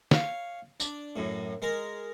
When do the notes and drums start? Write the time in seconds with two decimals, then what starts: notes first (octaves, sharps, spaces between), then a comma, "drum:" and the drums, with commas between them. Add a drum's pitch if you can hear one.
0.11 C#5 F5, drum: snare
0.80 D4, drum: tambourine
1.16 F#2 A2
1.62 G#3 A#4